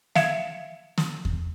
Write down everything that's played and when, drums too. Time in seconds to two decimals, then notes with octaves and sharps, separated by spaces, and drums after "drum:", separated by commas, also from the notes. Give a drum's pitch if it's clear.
0.15 E5 F5 G#6 C#7 E7, drum: snare
0.98 drum: snare
1.25 drum: kick E2